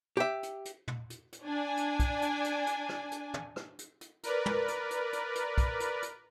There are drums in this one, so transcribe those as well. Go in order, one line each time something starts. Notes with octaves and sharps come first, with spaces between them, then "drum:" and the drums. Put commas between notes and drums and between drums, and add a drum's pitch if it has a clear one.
G4 E5
drum: hi-hat
drum: hi-hat
drum: tom
drum: hi-hat
drum: hi-hat
D4 G#5
drum: hi-hat
drum: kick B1, hi-hat
drum: hi-hat
drum: hi-hat
drum: hi-hat
drum: rim click
drum: hi-hat
drum: tom
drum: rim click
drum: hi-hat
drum: hi-hat
A#4 B4 D5, drum: hi-hat
drum: tom
drum: hi-hat
drum: hi-hat
drum: hi-hat
drum: hi-hat
drum: kick B1, hi-hat
drum: hi-hat
drum: hi-hat